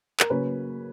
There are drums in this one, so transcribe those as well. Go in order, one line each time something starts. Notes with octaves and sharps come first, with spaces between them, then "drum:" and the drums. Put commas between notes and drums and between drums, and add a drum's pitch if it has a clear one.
A#4, drum: clap
C#3 F#3 A#3 C#4 B4